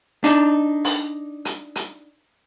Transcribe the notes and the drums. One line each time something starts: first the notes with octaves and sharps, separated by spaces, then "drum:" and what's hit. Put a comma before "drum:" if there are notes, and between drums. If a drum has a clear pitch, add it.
D4 D#4, drum: hi-hat
drum: open hi-hat
drum: hi-hat
drum: hi-hat